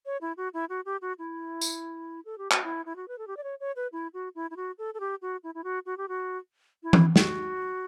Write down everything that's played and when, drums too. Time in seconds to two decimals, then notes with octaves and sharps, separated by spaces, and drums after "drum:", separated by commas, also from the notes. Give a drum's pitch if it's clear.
0.06 C#5
0.21 E4
0.37 F#4
0.54 E4
0.69 F#4
0.85 G4
1.02 F#4
1.19 E4
1.61 drum: tambourine
2.25 A4
2.38 G4
2.51 F#4, drum: clap
2.64 E4
2.86 E4
2.96 F#4
3.08 B4
3.18 A4
3.27 G4
3.37 D5
3.44 C#5
3.60 C#5
3.76 B4
3.92 E4
4.14 F#4
4.35 E4
4.51 E4
4.56 F#4
4.78 A4
4.94 A4
5.00 G4
5.22 F#4
5.44 E4
5.55 E4
5.64 F#4
5.86 F#4
5.98 G4
6.08 F#4
6.83 E4
6.93 drum: tom E3
7.16 F#4, drum: snare